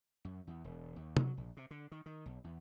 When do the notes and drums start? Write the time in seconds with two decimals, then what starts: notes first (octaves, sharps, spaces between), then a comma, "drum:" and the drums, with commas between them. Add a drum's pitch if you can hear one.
0.25 F#2
0.47 E2
0.64 E1
0.96 D#2
1.17 F#3, drum: tom C3
1.37 A#1
1.57 C3
1.71 D3
1.92 D#3
2.06 D#3
2.26 B1
2.44 E2